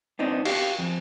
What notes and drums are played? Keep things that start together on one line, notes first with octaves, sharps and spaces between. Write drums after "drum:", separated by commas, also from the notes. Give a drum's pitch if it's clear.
B3 C4 D4 D#4
F#4 G4 F5, drum: cymbal
F2